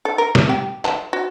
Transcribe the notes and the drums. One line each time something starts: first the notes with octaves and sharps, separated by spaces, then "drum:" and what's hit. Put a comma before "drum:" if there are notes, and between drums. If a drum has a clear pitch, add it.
A4
A#4
drum: snare
G4
A5, drum: clap
F#4